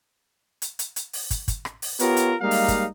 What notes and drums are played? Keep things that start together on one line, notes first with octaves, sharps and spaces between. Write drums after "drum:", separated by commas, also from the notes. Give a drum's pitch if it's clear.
drum: hi-hat
drum: hi-hat
drum: hi-hat
drum: open hi-hat
drum: kick, hi-hat
drum: kick, hi-hat
drum: rim click
drum: open hi-hat
B3 F4 G4 A#4 C#5, drum: hi-hat
drum: hi-hat
G3 G#3 A#3 D#4 F5
drum: open hi-hat
drum: kick, hi-hat